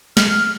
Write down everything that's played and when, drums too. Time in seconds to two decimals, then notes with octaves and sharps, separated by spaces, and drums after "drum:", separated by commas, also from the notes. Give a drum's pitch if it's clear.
0.17 F6, drum: snare